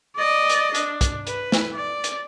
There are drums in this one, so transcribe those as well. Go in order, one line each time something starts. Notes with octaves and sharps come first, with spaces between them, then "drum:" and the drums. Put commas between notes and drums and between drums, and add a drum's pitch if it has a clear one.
D5 D#5
drum: hi-hat
D4, drum: hi-hat
drum: kick, hi-hat
B4, drum: hi-hat
drum: snare
D5
drum: hi-hat